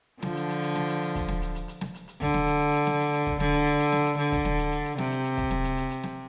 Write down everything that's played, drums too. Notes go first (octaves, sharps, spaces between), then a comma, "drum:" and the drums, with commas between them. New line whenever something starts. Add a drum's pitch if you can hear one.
D3 F3, drum: snare
drum: hi-hat
drum: hi-hat
drum: hi-hat
drum: snare
drum: hi-hat
drum: hi-hat
drum: kick, hi-hat
drum: snare
drum: hi-hat
drum: hi-hat
drum: hi-hat
drum: snare
drum: hi-hat
drum: hi-hat
D3, drum: kick, hi-hat
drum: snare
drum: hi-hat
drum: hi-hat
drum: hi-hat
drum: snare
drum: hi-hat
drum: hi-hat
drum: kick
D3, drum: snare
drum: hi-hat
drum: hi-hat
drum: hi-hat
drum: snare
drum: hi-hat
D3, drum: hi-hat
drum: kick, hi-hat
drum: snare
drum: hi-hat
drum: hi-hat
drum: hi-hat
C3, drum: snare
drum: hi-hat
drum: hi-hat
drum: kick, hi-hat
drum: snare
drum: hi-hat
drum: hi-hat
drum: hi-hat
drum: snare